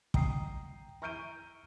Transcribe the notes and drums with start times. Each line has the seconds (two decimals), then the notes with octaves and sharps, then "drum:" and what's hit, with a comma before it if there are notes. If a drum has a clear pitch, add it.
0.14 G5 A#5 D#6 C7, drum: kick
1.02 A#5 C#6 F6 G6 D7 D#7